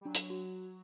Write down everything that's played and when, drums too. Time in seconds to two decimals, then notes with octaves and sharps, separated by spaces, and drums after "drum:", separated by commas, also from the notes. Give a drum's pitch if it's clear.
0.01 G3
0.05 F#3 D4
0.15 drum: hi-hat
0.30 F#4